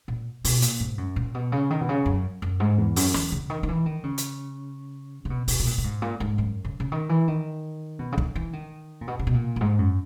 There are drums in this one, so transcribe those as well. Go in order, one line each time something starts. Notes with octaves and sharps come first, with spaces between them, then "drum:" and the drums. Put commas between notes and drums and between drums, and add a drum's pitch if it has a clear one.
A#2
B2, drum: open hi-hat
A#2, drum: hi-hat
G#2
F#2
A#2
B2
C#3
D#3
B2
C#3
F#2
F#2
G#2
E2
F#2, drum: open hi-hat
E2, drum: snare
C#3
D#3
D#3
E3
D#3
C#3
drum: hi-hat
C#3
B2
A#2, drum: open hi-hat
B2
A#2
A#2
G#2
A#2
G#2
F#2
C#3
C#3
D#3
E3
D#3
B2
C#3
D#3, drum: kick
E3
D#3
A#2
B2
C#3
B2
A#2
F#2
G#2
F#2